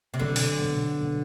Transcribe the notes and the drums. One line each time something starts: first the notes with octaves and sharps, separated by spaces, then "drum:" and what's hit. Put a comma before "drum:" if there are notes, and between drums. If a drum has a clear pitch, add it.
C3
B2 D3 F#3 B3
drum: open hi-hat
B2 F#3 B3
B2 F#3 B3